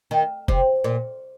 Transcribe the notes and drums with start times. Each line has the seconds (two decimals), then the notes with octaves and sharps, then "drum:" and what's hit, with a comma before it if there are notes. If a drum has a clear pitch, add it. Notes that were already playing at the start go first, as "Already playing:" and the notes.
0.11 D#3
0.48 C3, drum: kick F1
0.84 A#2